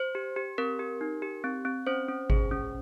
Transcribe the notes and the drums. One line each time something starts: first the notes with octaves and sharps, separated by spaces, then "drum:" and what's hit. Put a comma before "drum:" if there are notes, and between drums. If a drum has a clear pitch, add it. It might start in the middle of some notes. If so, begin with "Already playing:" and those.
Already playing: C5
G4
G4
C4 A#4
G4
D#4
G4
C4
C4
C#4 C5
C#4
G#4, drum: kick G#1
C#4